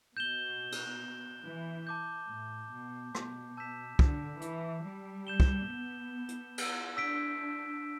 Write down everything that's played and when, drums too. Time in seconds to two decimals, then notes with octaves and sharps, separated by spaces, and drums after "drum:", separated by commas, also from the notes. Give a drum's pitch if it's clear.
0.16 B2 G6 E7 G7
0.72 drum: cymbal
1.44 E3
1.87 A5 D6 G6
2.29 A2
2.72 B2
3.15 B2, drum: rim click
3.57 A5 E6 G6 B6 E7
3.99 D3, drum: kick
4.41 E3, drum: hi-hat
4.84 G3
5.27 G6 E7 G7
5.40 drum: kick
5.69 B3
6.29 drum: hi-hat
6.58 drum: cymbal
6.97 D4 E6 B6 D7
7.39 D4